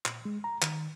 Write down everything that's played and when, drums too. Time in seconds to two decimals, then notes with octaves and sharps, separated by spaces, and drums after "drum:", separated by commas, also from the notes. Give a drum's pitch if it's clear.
0.06 A#2, drum: clap
0.25 G#3
0.44 A#5
0.62 D#3, drum: clap